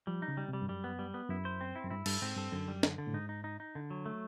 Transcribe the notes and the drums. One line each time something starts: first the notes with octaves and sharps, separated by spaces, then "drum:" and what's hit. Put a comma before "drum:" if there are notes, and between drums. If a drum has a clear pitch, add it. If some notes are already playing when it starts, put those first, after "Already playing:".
F3 G3
D#4
C#3
G3
C3 G3
G2
F#2 G3
B3
G3
B3
F#2 E4
C5
C4
E4
F#2
G2 E4
G2 A4, drum: cymbal
G#2 C4
G2 A4
F#2 D3
G3
D3, drum: snare
D3
A2
G#2 D#4
D#4
D#4
D#4
D3
F#3
A3